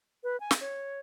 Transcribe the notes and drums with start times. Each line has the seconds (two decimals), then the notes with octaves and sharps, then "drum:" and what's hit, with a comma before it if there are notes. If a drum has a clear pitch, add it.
0.24 B4
0.40 G#5
0.51 drum: snare
0.61 C#5